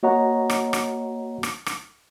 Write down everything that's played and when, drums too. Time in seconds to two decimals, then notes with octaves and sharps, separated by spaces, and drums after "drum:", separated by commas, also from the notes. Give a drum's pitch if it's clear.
0.03 A#3 F#4 C#5 D#5 F#5 A#5
0.50 drum: rim click
0.73 drum: rim click
1.43 drum: rim click
1.66 drum: rim click